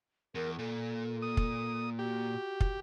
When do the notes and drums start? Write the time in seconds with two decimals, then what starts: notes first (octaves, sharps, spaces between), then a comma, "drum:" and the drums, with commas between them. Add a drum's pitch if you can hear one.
0.35 E2 A#4
0.59 A#2 A4
1.22 D#6
1.37 drum: kick
1.99 F#4 G4
2.61 drum: kick